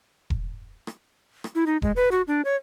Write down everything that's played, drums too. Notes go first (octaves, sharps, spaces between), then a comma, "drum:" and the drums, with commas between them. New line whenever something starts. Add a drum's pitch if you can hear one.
drum: kick E1
drum: rim click
drum: rim click
E4
D#4
G#3, drum: kick E1
B4
F#4
D4
C#5